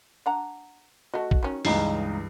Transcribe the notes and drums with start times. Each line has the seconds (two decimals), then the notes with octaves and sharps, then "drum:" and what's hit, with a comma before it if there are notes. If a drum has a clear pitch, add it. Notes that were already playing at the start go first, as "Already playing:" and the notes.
0.26 D4 F#5 A#5
1.14 A3 F#4 D#5
1.31 drum: kick A#1
1.43 D#3 C#4
1.65 C#2 G2 E3 D#4 C7, drum: open hi-hat